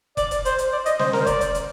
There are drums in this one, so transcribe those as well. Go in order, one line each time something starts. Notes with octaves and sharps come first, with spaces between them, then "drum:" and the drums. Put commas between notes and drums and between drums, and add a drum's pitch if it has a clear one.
D5, drum: kick F1, hi-hat
drum: hi-hat
C5, drum: hi-hat
drum: hi-hat
D5
D#5, drum: hi-hat
C5, drum: snare
A#4, drum: snare
C5
D5, drum: kick F1, hi-hat
drum: hi-hat
drum: hi-hat